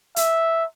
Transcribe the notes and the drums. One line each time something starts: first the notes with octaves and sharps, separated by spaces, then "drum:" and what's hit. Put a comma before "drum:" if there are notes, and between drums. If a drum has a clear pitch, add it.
E5, drum: hi-hat